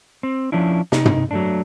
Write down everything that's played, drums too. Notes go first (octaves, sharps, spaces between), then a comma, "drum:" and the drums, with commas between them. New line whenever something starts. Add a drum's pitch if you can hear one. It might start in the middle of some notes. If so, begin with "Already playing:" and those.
C4
F3 C#4 D4 E4
C3 D#4, drum: snare
drum: tom
F#3 A3 D4